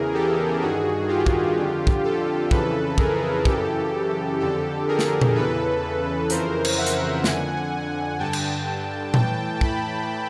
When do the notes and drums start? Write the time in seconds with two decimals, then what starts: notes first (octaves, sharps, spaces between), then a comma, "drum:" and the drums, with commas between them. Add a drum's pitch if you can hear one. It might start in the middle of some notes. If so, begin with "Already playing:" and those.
Already playing: E2 C#3 E3 G#4 A#4
0.14 G4 A4
0.61 G2 D#3 F#4 G#4
1.08 F4 G4
1.26 drum: kick
1.56 F2 D3
1.87 drum: kick
2.03 G4 A4
2.51 F2 C#3 E3 A4 B4, drum: kick
2.98 G#4 A#4, drum: kick
3.45 F#2 C#3 E3 G4 A4, drum: kick
4.40 F2 D3 G4 A4
4.88 G#4 A#4
4.99 drum: snare
5.21 drum: tom A#2
5.35 E2 C#3 E3 A4 B4
6.30 F2 C#3 E3 A#4 C5, drum: hi-hat
6.65 drum: cymbal
6.77 E5 F#5
6.86 drum: hi-hat
7.24 F2 D3 F#5 G#5, drum: snare
8.19 G2 D3 G5 A5
8.33 drum: cymbal
9.14 A2 E3 G5 A5, drum: tom A#2
9.61 A5 B5, drum: kick